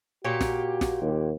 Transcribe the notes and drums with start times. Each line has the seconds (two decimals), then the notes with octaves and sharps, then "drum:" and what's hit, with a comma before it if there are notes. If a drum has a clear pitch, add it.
0.24 A#2 F#4 G4 C#5
0.41 drum: snare
0.81 drum: snare
1.01 D#2